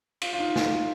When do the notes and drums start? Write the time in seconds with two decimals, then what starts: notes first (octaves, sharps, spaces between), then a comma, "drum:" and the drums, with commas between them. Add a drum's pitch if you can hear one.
0.22 F4, drum: cymbal
0.33 F4
0.39 D#4
0.56 drum: snare